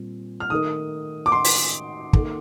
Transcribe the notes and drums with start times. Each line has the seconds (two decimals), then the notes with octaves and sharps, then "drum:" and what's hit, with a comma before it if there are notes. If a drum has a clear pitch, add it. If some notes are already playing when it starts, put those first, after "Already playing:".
Already playing: A#2 G3 C4
0.40 F6
0.50 D#3 A3 D#4 A#4 D#6
1.26 D6
1.32 C6
1.45 drum: open hi-hat
2.13 D#3 A#3 D#4 A4, drum: kick